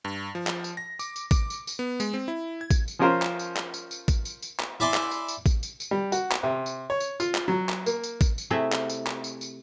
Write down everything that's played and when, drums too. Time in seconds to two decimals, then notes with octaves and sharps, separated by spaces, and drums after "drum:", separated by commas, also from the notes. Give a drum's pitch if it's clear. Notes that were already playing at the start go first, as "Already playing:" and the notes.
0.05 G2
0.35 F3
0.47 drum: clap
0.64 drum: tambourine
0.77 A#6
0.99 D6, drum: tambourine
1.16 drum: tambourine
1.31 D6, drum: kick A1, tambourine
1.50 drum: tambourine
1.67 drum: tambourine
1.79 B3
2.00 G#3, drum: tambourine
2.14 C4
2.28 E4
2.61 G#6
2.71 drum: kick A1, tambourine
2.88 drum: tambourine
2.99 F3 C#4 F4 A#4 C5
3.22 drum: clap
3.39 drum: tambourine
3.57 drum: clap
3.74 drum: tambourine
3.91 drum: tambourine
4.08 drum: kick A1, tambourine
4.25 drum: tambourine
4.42 drum: tambourine
4.60 drum: clap
4.80 E4 D5 G#5 C6
4.94 drum: clap
5.11 drum: tambourine
5.28 drum: tambourine
5.46 drum: kick A1, tambourine
5.63 drum: tambourine
5.80 drum: tambourine
5.91 G3
6.12 F#4, drum: tambourine
6.32 drum: clap
6.43 C3
6.66 drum: tambourine
6.90 C#5
7.00 drum: tambourine
7.20 F4, drum: tambourine
7.35 drum: clap
7.48 F#3
7.69 drum: clap
7.86 A#3, drum: tambourine
8.04 drum: tambourine
8.21 drum: kick A1, tambourine
8.38 drum: tambourine
8.50 C3 A3 E4 G#4
8.72 drum: clap
8.90 drum: tambourine
9.07 drum: clap
9.24 drum: tambourine
9.41 drum: tambourine